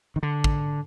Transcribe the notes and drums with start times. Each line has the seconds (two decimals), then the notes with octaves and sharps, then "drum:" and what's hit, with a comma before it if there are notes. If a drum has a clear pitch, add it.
0.16 D#3
0.23 D3
0.44 drum: kick